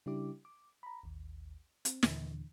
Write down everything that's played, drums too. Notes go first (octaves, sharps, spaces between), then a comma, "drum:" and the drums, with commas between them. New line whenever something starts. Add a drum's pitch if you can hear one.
C#3 G3 D4 E4 G4 D6
D6
A#5 B5
A1 D#2
C4, drum: hi-hat
D#2 A#2 D3 E3, drum: snare